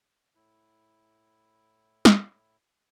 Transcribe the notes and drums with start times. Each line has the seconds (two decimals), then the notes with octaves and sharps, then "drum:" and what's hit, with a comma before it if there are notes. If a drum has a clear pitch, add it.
0.35 A2 E4
2.05 drum: snare